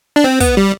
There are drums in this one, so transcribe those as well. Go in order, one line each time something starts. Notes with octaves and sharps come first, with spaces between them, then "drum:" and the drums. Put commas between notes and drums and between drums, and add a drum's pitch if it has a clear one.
D4
C4
B3, drum: kick, hi-hat
G3